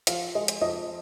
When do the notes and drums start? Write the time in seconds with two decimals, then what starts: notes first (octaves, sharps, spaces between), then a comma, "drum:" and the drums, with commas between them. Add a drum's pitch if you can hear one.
0.07 F3 F5, drum: hi-hat
0.35 G#3 D#5
0.48 drum: hi-hat
0.61 F2 D#5